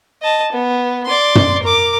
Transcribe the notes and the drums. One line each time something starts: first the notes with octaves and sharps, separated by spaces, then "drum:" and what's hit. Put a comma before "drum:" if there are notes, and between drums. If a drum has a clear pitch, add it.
D#5 A5
B3
D5 C6
drum: tom
A#4 D6